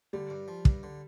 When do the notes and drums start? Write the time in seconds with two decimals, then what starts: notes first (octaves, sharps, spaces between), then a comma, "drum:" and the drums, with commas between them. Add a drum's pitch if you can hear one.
0.13 D3 G3
0.30 G2
0.48 F3
0.65 G2, drum: kick
0.83 D3